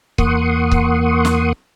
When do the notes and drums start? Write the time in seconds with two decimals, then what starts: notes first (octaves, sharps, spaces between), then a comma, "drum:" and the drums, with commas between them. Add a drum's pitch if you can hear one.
0.18 E2 A#3 F#5 C6 C#6 D#6, drum: kick C#1
0.71 drum: kick C#1
1.25 drum: snare